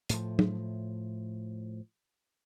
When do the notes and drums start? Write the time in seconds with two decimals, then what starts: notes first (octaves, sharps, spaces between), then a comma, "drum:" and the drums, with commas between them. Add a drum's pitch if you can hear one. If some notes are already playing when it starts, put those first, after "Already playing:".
0.09 A2 F3, drum: hi-hat
0.39 drum: tom